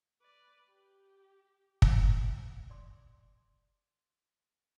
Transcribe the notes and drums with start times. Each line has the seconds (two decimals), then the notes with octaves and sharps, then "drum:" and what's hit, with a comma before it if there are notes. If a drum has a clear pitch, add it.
0.21 B4 D5
0.69 G4
1.82 drum: kick
2.70 D5 C6 D6